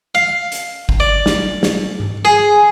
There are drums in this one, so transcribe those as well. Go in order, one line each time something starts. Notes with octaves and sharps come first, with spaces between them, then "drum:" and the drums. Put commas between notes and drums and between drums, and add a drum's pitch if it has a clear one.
F5
drum: hi-hat
drum: kick G1
D5
drum: snare
drum: snare
drum: tom G#2
G#4